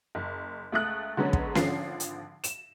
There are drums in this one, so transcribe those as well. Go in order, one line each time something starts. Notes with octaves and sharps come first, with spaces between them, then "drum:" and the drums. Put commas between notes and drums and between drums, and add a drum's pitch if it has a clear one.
F#1
C#2 A3 D#6 F#6
D3 F#3 G#3 B3 C#4
drum: kick
G#1 D3 F3 C7, drum: snare C#4
drum: hi-hat
E7, drum: hi-hat